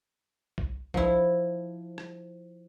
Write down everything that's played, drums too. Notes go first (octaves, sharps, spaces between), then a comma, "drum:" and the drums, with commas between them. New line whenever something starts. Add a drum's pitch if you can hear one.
drum: kick C2
F3 E4, drum: kick C2
drum: rim click